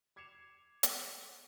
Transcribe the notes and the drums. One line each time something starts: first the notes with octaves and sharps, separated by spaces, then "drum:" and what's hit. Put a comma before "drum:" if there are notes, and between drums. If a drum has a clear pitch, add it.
D6 G#6 C7 C#7 E7 F7
drum: hi-hat